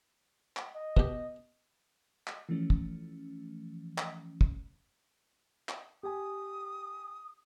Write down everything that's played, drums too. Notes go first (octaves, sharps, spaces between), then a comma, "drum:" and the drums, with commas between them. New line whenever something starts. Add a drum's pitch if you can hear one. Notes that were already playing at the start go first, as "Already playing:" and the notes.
drum: clap
D#5
B2 G4, drum: kick
drum: clap
E3 F3 A3 C#4
drum: kick
drum: clap
drum: kick
drum: clap
G4 G#5 D#6